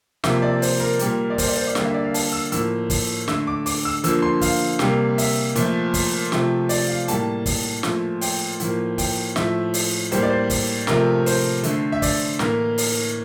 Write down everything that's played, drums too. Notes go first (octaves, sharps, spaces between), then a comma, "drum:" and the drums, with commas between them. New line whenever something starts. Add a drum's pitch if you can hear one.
C3 F3 A#3 E5, drum: snare
D5
C5, drum: open hi-hat
A#4
A#2 G3 A#3, drum: hi-hat
D5
C5, drum: kick, open hi-hat
D5
C5
D5
D3 G3 A#3 F5, drum: snare
E5
D5
F5
A5, drum: open hi-hat
E6
A2 F3 A#3 E6, drum: hi-hat
drum: kick, open hi-hat
D3 A3 E6, drum: snare
D6
D6, drum: open hi-hat
E6
D3 F3 A#3 E6, drum: hi-hat
C6
F5, drum: kick, open hi-hat
C3 G3 A#3, drum: snare
E5, drum: open hi-hat
A#2 F3 A3, drum: hi-hat
drum: kick, open hi-hat
C3 F3 A3, drum: snare
D5, drum: open hi-hat
F5
A2 G3 A#3 A5, drum: hi-hat
drum: kick, open hi-hat
A#2 F3 A3, drum: snare
G5, drum: open hi-hat
A2 F3 A#3, drum: hi-hat
G5, drum: kick, open hi-hat
A2 F3 A3 E5, drum: snare
drum: open hi-hat
A2 G3 A#3 C5, drum: hi-hat
D5
C5
drum: kick, open hi-hat
C3 F3 A3 A#4, drum: snare
C5, drum: open hi-hat
D3 A3, drum: hi-hat
E5
D5, drum: kick, open hi-hat
A2 E3 A#3 A#4, drum: snare
drum: open hi-hat